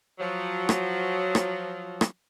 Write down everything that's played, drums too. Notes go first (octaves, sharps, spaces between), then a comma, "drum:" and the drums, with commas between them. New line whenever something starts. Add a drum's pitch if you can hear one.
F3 F#3
drum: rim click
drum: rim click
drum: rim click